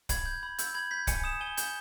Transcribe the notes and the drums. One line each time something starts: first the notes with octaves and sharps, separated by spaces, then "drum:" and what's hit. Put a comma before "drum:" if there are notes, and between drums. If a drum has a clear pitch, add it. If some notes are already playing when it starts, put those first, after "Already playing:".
B5 G#6, drum: kick, hi-hat
G6
B5
E6 G6, drum: hi-hat
B5 G#6
G6 B6
G#5 C#7, drum: kick, hi-hat
D#6 E7
G#5 G7
G6, drum: hi-hat